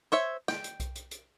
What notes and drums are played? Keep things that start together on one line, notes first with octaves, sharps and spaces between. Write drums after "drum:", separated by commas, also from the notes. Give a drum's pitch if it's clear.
C5 C#5 E5
G5, drum: snare
drum: hi-hat
drum: kick B1, hi-hat
drum: hi-hat
drum: hi-hat